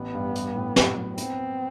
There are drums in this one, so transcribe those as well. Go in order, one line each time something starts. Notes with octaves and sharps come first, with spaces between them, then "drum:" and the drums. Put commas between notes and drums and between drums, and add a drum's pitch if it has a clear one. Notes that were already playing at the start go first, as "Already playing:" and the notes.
Already playing: A1 B3
G2
G3, drum: hi-hat
A2
F#2, drum: snare
F#2
B3 C4, drum: hi-hat
B3